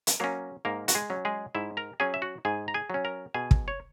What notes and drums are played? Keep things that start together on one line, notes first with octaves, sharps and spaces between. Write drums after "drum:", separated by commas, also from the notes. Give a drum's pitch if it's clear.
drum: hi-hat
F#3 A#3 C#4 A#4
G#2 A#3 A#4
F#4, drum: hi-hat
G#3 G#4
F#3 C#4
G#3 G#4
G#2 E4 E5
A#4 A#5
F#3 C#4 G#4 G#5
E5
F#4 F#5
G#2 G#4 G#5
A#5
G#4 G#5
F#3 C#4
A#4 A#5
B2 G#4 G#5
drum: kick
C#5